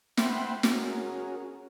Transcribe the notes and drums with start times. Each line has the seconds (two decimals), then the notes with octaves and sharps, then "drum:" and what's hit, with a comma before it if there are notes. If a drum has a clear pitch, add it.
0.17 C5 E5 F#5 G5 B5 C6, drum: snare
0.63 C#4 F#4 G#4 A#4, drum: snare